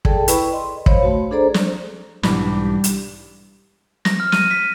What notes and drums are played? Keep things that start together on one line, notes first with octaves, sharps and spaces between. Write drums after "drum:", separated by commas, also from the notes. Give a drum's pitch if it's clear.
G#4 A4 D5 G5 A5, drum: kick
E4 B4 D5 G5 B5 C#6, drum: hi-hat
D#5 C6
C5 C#5 F5 B5, drum: kick
A3 F#4
D4 G#4 A4 C5 D5 A#5
drum: snare
B1 G#2 E3 G3 D4 G4 B5, drum: snare
drum: hi-hat
A#6, drum: snare
F6
D#7, drum: snare
B6